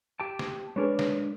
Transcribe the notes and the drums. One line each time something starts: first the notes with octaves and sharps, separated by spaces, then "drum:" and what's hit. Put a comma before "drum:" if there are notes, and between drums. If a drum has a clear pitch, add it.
G4 G5 A5
drum: snare
G#3 D4 G#4 A#4 B4 C#5
drum: snare